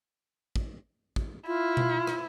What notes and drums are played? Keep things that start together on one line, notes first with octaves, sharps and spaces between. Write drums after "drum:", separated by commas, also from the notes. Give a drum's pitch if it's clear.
drum: kick
drum: kick
E4 F4
drum: tom B2
drum: rim click